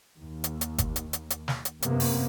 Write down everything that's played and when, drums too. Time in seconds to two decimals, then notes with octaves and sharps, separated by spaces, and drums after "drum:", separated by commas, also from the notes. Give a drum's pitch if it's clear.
0.19 D#2
0.44 drum: hi-hat
0.61 drum: hi-hat
0.78 drum: kick G1, hi-hat
0.96 drum: hi-hat
1.13 drum: hi-hat
1.30 drum: hi-hat
1.48 drum: snare
1.65 drum: hi-hat
1.82 F#2 C3 A#3 B3, drum: hi-hat
2.00 drum: open hi-hat